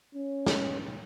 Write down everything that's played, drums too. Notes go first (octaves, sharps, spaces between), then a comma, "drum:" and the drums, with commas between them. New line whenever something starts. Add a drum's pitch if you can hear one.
C#4
drum: snare